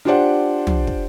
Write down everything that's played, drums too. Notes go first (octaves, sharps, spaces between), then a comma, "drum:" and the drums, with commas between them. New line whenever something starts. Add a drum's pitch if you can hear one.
D4 F4 G4 C5 D5 F#5
drum: tom
drum: kick